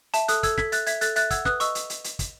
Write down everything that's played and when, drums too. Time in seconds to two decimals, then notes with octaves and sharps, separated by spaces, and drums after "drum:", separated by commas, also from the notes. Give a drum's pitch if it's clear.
0.14 E5 A5, drum: hi-hat
0.28 A4 D#6 F#6, drum: hi-hat
0.43 A4 E6 G#6, drum: kick, hi-hat
0.58 A4 G#6 B6, drum: snare
0.72 E5 F#6 A6, drum: hi-hat
0.87 E5 G#6 B6, drum: hi-hat
1.01 A4 F#6 A6, drum: hi-hat
1.16 E5 F#6 A6, drum: hi-hat
1.30 F#5 E6 G#6, drum: kick, hi-hat
1.45 B4 D#6 F#6, drum: snare
1.60 D#5 C#6 E6, drum: hi-hat
1.75 drum: hi-hat
1.90 drum: hi-hat
2.04 drum: hi-hat
2.19 drum: kick, hi-hat